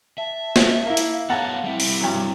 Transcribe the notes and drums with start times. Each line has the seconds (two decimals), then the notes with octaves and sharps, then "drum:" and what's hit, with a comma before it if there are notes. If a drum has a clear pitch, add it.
0.18 E5 A5
0.56 drum: snare
0.86 A#3 E4 F5
0.97 drum: hi-hat
1.30 B3 G#4 C#5 F#5 A5 A#5
1.64 G3 C4 E4 E5
1.80 drum: open hi-hat
2.00 G2 F#3